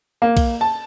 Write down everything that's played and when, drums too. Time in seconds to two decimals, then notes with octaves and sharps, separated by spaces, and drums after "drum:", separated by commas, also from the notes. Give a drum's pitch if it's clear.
0.22 A#3
0.37 drum: kick B1, cymbal
0.61 A5